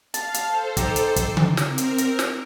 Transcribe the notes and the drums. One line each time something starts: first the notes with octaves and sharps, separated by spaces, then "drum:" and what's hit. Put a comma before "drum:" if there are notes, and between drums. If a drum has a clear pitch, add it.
F5 A5, drum: hi-hat
drum: hi-hat
A4 C5
D#4 G4 A#5, drum: kick, hi-hat
drum: hi-hat
drum: kick, hi-hat
drum: tom C#3
drum: snare
C4 A#4
drum: hi-hat
drum: hi-hat
drum: snare